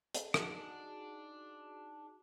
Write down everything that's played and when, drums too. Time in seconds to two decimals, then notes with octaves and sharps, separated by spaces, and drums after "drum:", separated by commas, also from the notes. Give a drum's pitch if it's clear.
0.14 G#4 A4, drum: hi-hat
0.34 D4 D#4 F#4 G#4, drum: rim click